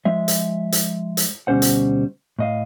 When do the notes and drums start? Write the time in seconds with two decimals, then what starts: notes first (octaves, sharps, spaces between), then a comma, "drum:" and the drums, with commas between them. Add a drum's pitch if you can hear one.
0.05 F3 G#3 E5
0.28 drum: hi-hat
0.72 drum: hi-hat
1.17 drum: hi-hat
1.47 D2 B2 G3 C#4 C5 F#5
1.62 drum: hi-hat
2.39 A2 D#5 F5